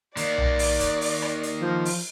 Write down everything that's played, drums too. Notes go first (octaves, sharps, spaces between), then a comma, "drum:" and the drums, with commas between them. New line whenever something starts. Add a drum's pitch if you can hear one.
D#3 A#3 D5, drum: hi-hat
drum: tom B1
drum: open hi-hat
drum: kick, hi-hat
drum: open hi-hat
drum: rim click
drum: hi-hat
F3
drum: open hi-hat